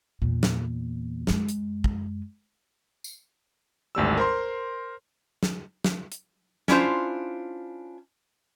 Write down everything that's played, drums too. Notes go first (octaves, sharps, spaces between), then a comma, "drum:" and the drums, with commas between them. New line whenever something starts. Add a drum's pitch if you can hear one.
E2 A#2
drum: snare
F#2 G#3, drum: snare
drum: hi-hat
drum: kick
drum: tambourine
G#1 D2 G3 E6
A#4 C5 C6
drum: snare
drum: snare
drum: hi-hat
C#4 D4 E4 F4 C5, drum: snare